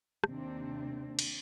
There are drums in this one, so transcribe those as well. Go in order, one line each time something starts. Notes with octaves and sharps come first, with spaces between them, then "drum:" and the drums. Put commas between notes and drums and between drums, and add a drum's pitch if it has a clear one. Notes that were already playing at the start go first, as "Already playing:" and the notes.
D#2 C3 C4 D4, drum: rim click
drum: cymbal